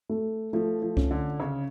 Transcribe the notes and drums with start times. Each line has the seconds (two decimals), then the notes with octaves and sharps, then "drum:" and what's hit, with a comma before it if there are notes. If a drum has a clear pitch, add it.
0.09 A3
0.53 F3 A3
0.82 F3
0.97 C#4, drum: kick C2
1.11 D3
1.40 C#3 C#4